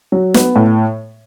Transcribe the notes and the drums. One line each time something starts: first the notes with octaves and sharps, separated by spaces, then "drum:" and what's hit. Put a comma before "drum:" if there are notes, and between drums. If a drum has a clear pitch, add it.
F#3
B3, drum: snare
A2